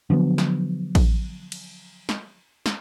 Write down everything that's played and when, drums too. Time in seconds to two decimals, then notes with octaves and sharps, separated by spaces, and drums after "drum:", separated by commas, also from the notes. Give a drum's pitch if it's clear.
0.10 D3 F3 F#3 B3
0.38 drum: snare
0.95 drum: kick A1, cymbal
1.52 drum: cymbal
2.09 drum: snare
2.66 drum: snare